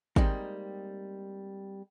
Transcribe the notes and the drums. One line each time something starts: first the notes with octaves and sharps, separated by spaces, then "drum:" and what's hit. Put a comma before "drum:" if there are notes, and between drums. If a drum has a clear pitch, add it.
G3 G#3 A#3 C4 D#4, drum: kick